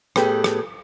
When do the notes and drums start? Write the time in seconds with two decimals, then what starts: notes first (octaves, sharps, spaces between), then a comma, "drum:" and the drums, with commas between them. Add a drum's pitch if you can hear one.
0.16 A2 B3 G4 G#4 B4, drum: rim click
0.44 drum: rim click